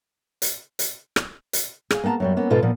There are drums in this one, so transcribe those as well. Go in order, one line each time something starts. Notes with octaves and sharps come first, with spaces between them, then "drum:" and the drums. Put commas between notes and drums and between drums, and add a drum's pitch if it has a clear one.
drum: hi-hat
drum: hi-hat
drum: rim click
drum: hi-hat
G#4 F5, drum: rim click
A#3 B3 F#5 A5 A#5
F#2 F#3 G3
A#3 B3 C#4
G#2 B2 F4 A4 C5
A#2 F3 B3